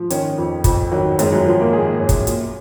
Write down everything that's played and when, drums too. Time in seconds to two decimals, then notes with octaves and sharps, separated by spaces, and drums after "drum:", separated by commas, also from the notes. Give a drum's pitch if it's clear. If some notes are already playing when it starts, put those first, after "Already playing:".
Already playing: F3
0.10 D#3 C#4, drum: hi-hat
0.38 F2
0.64 F2, drum: kick, hi-hat
0.91 D#3 F#3
1.19 F#2 G#3, drum: hi-hat
1.32 F#3
1.46 D#3 F3
1.60 A#3
1.72 D#3 G#4
2.00 F#2
2.09 drum: kick, hi-hat
2.27 A#2, drum: hi-hat